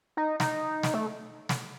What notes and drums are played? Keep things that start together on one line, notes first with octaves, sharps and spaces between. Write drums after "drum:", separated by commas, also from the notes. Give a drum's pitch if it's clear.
D#4
D#4, drum: snare
drum: snare
A3
drum: snare